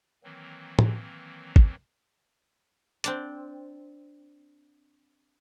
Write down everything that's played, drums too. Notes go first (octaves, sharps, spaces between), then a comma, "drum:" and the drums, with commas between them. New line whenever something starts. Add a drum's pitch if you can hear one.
D#3 E3 F#3 A#3 C4
drum: tom
drum: kick
C4 D4 D5, drum: hi-hat